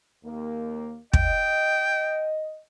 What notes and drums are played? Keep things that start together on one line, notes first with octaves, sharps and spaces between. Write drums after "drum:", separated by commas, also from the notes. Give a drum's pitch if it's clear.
D#2 A#3
D#5 G5, drum: kick